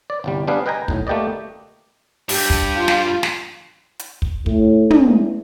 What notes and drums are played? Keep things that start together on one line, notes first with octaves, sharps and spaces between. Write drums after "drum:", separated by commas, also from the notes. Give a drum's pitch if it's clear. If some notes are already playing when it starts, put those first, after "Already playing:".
D5
G1 C2 G3
G3 B3 D4 G#4 B4 F5
B4 D#5 G5 G#5 A#5
B1 A2, drum: kick
A3 A#3 G4 B4 D5 D#5
G2 G4, drum: open hi-hat
drum: kick
F4
drum: snare
drum: snare
drum: hi-hat
drum: kick
A2, drum: kick
drum: tom
E2